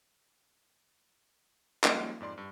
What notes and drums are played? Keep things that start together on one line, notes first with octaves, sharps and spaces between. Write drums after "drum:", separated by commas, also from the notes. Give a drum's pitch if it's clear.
F3 G3 G#3 A#3 C#4 D#4, drum: clap
F2 G#2 D5 C6
G2